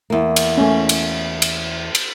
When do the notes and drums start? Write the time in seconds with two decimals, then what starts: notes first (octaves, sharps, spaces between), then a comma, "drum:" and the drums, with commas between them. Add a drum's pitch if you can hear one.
0.10 E2 A#3
0.36 drum: cymbal
0.57 A3 C#4
0.89 drum: cymbal
1.42 drum: cymbal
1.95 drum: cymbal